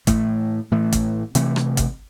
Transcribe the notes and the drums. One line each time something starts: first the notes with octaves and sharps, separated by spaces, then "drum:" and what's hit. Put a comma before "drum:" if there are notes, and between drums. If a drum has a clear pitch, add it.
A2 E3 A3, drum: kick, hi-hat
A2 E3 A3
drum: kick, hi-hat
C3 E3 A3, drum: hi-hat
drum: rim click
drum: kick, hi-hat